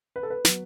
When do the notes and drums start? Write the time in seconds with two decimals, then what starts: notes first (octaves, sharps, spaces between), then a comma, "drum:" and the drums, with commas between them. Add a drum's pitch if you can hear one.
0.16 B4
0.23 A4
0.30 B4
0.45 F#3 B3, drum: snare